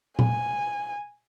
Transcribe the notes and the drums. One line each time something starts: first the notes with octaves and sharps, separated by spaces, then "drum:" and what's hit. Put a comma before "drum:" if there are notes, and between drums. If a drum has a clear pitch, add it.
G#5, drum: tom A#2